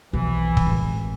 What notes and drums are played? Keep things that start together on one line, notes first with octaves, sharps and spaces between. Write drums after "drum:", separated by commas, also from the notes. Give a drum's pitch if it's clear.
B1 E3 F3
drum: kick
G#1 A2